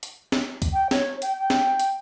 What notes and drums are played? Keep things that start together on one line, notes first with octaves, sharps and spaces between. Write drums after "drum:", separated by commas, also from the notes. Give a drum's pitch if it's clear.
drum: hi-hat
drum: snare
drum: kick, hi-hat
G5
C#5, drum: snare
G5, drum: hi-hat
G5
drum: snare
drum: hi-hat